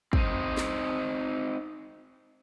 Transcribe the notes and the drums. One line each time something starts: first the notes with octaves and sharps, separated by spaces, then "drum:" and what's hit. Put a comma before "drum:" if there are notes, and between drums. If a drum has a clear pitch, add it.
C4 D#4 D#5, drum: kick
drum: snare